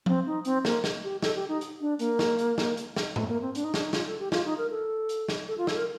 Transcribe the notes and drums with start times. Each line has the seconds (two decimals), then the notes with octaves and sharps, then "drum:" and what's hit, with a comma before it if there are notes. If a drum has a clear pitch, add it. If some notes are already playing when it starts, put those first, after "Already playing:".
0.06 C4, drum: tom F3
0.26 D#4
0.45 C4, drum: hi-hat
0.65 A#3, drum: snare
0.84 drum: snare
1.03 G4
1.22 A4, drum: snare
1.36 G4
1.49 D#4
1.61 drum: hi-hat
1.81 D4
1.99 A#3, drum: hi-hat
2.19 drum: snare
2.38 drum: hi-hat
2.58 drum: snare
2.77 drum: hi-hat
2.96 drum: snare
3.16 A3, drum: tom G#2
3.29 A#3
3.41 C4
3.55 D4, drum: hi-hat
3.64 D#4
3.74 D4, drum: snare
3.84 D#4
3.93 F4, drum: snare
4.06 A4
4.20 G4
4.32 F4, drum: snare
4.45 D#4
4.58 A#4
4.70 A4
5.09 drum: hi-hat
5.28 drum: snare
5.48 A4
5.58 F4
5.67 A4, drum: snare
5.77 A#4